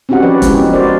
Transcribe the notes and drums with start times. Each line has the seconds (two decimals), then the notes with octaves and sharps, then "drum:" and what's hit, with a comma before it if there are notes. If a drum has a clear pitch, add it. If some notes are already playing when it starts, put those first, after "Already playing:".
0.09 C4 C#4 D#4 F#4 G4 F#5
0.23 F3 C#4 B4 D5
0.42 G#3 B3 C#4 E4 G4, drum: kick, hi-hat
0.57 D#4
0.73 F#4 A#4 C5 D5